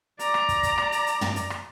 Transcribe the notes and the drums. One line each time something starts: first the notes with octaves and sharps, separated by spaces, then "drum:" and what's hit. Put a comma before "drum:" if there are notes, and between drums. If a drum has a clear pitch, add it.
D5 A#5, drum: hi-hat
drum: rim click
drum: kick, hi-hat
drum: kick, hi-hat
drum: rim click
drum: hi-hat
drum: hi-hat
drum: tom
drum: hi-hat
drum: rim click